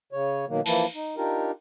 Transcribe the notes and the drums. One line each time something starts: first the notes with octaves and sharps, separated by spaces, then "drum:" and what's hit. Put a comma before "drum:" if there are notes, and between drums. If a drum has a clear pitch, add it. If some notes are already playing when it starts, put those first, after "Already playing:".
C#3 C#5
B2 D#3 F#3 A#3
E3 F3 A#3 E4 A5, drum: cymbal
D#4
D4 D#4 F4 G4 A#4